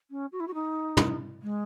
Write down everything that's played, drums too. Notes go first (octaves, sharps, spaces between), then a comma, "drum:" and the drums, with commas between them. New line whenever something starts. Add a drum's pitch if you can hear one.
C#4
F#4
E4
F#4
D#4
drum: tom
G#3